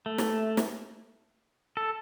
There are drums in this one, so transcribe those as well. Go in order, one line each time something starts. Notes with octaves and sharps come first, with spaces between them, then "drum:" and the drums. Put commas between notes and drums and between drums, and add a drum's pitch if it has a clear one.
A3
drum: snare
drum: snare
A4